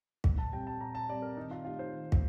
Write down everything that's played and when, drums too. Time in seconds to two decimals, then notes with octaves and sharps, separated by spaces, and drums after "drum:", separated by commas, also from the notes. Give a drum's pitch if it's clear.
0.24 A#2, drum: kick
0.38 A5
0.52 G3 C4 G4 G5
0.67 A5
0.81 A#2 A#5
0.95 A5
1.09 G3 C4 G4 D5
1.22 A#4
1.37 D#3 D#4
1.51 F4
1.65 A3 D#4 F4 G4
1.79 C5
1.94 D#3
2.12 drum: kick